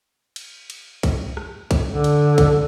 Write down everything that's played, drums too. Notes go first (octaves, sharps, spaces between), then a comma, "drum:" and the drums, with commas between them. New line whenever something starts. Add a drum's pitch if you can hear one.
drum: cymbal
drum: cymbal
drum: kick, cymbal
drum: rim click
drum: kick, cymbal
D3
drum: cymbal
drum: kick, cymbal